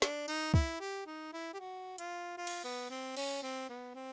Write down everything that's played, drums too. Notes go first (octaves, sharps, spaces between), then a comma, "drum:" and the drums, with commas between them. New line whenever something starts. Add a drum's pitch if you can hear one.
D4, drum: snare
D#4, drum: tambourine
E4, drum: kick
G4
D#4
E4
G4
F#4
F4, drum: hi-hat
F4
drum: cymbal
B3
C4
C#4, drum: cymbal
C4
B3
C4